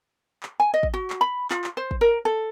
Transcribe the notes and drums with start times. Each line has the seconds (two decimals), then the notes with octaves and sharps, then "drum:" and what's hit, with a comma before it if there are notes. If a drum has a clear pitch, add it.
0.43 drum: clap
0.60 G#5
0.74 D#5
0.83 drum: kick
0.94 F#4
1.10 drum: clap
1.21 B5
1.51 F4, drum: clap
1.64 drum: clap
1.77 C5
1.91 drum: kick
2.01 A#4
2.25 A4